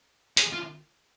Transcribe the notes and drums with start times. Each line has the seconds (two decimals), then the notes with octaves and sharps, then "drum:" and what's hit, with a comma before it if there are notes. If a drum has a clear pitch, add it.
0.37 G#4, drum: hi-hat
0.52 F4